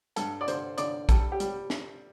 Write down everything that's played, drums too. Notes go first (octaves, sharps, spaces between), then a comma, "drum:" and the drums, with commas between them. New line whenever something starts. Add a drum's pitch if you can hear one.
G2 A4, drum: hi-hat
D5
D3 C5, drum: hi-hat
D3 D5, drum: hi-hat
G3 A4, drum: kick, hi-hat
G4
G3, drum: hi-hat
drum: snare